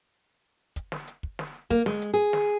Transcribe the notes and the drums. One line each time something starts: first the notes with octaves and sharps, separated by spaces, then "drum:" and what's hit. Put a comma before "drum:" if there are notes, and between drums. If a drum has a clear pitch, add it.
drum: kick, hi-hat
drum: snare
drum: hi-hat
drum: kick
drum: snare
A#3, drum: kick, hi-hat
G#3, drum: snare
drum: hi-hat
G#4
drum: snare